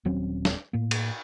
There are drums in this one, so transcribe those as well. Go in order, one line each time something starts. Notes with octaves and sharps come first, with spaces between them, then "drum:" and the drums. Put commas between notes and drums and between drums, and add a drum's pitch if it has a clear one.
D#1 F#3 C4 C#4
drum: snare
A2 A#3
drum: cymbal